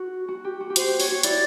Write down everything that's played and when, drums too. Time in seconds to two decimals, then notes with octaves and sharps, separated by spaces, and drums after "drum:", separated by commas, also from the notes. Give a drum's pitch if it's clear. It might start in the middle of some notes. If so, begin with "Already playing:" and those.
Already playing: F#4
0.28 F#4
0.44 G4
0.60 F#4
0.70 G4
0.76 F#4 C5, drum: hi-hat
0.88 G4
1.00 F#4 C#5, drum: open hi-hat
1.12 F#4
1.23 E4 D5, drum: hi-hat